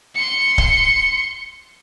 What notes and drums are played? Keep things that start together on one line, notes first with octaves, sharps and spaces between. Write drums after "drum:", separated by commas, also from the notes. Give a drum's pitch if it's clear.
C6 C#7
drum: kick C#1